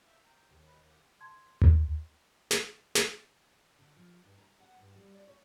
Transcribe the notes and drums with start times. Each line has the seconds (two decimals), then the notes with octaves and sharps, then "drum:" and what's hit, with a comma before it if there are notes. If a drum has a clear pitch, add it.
0.05 E5 F5 G5
0.24 G5 A#5
0.51 D#2
0.66 D#4 B4
0.85 G4 F#5
1.21 A5 C6 G#6
1.62 drum: tom D#2
2.51 drum: snare
2.95 drum: snare
3.79 D3
3.97 F3
4.23 G2
4.38 A#5
4.60 F#5
4.78 G2
4.96 G3
5.15 D5
5.28 C#5